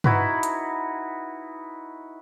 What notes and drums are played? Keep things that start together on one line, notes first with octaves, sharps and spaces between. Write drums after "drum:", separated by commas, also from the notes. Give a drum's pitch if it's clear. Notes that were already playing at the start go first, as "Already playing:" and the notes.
D#4 E4 F#4 B4, drum: tom
drum: hi-hat